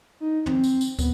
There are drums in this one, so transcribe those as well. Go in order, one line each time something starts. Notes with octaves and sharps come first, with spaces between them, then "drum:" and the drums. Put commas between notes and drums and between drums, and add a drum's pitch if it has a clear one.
D#4
C4, drum: tom
drum: tambourine
drum: tambourine
B3, drum: kick, tambourine